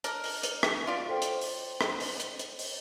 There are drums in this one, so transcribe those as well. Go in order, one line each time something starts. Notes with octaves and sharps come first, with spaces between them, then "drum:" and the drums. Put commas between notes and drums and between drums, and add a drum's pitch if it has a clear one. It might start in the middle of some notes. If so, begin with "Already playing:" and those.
D4 A#4, drum: hi-hat
drum: open hi-hat
drum: hi-hat
drum: rim click
F#3 F4 D5
A4 C5 G5
drum: hi-hat
drum: open hi-hat
drum: rim click
drum: open hi-hat
drum: hi-hat
drum: hi-hat
drum: open hi-hat